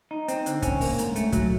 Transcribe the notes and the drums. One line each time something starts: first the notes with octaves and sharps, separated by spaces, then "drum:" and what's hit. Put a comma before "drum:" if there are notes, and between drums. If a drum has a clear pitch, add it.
D#4
C4, drum: hi-hat
D3, drum: hi-hat
C#4, drum: kick, hi-hat
A#3, drum: open hi-hat
G#2, drum: hi-hat
A3, drum: hi-hat
F#3, drum: kick, hi-hat